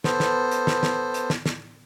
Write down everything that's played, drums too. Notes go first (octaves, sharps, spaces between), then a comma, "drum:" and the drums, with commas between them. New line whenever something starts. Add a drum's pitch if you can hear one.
B3 A4 C5, drum: snare
drum: snare
drum: hi-hat
drum: snare
drum: snare
drum: hi-hat
drum: snare
drum: snare